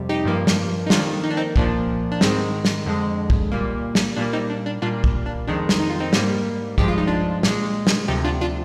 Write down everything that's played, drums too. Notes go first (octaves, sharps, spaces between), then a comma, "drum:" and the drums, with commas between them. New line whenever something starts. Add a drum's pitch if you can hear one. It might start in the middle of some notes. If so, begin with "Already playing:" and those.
Already playing: F2 C3 G3
D#4 G4
G2 F3 A#3
drum: snare
D#4
F2 D#3 A#3 D4 F4, drum: snare
D#4
D4
C4 D#4
A#2 F3 A#3 D4, drum: kick
D4
G#2 D#3 G#3 C4, drum: snare
drum: snare
F2 D3 G#3
drum: kick
A#2 G3 A#3
drum: snare
A#2 G3 A#3 D4
C4 D#4
D4
D4
A#2 G3 A#3 D4 F4
drum: kick
D4
F2 D#3 G#3 D4
drum: snare
D#4
F4
C4 D#4
G#2 G3 A#3, drum: snare
G2 F3 G#3 G4, drum: kick
F4
D#4
D4 F4
A#2 G#3, drum: snare
drum: snare
D2 C3 F3 D#4 G4
D4 F4
D4 F4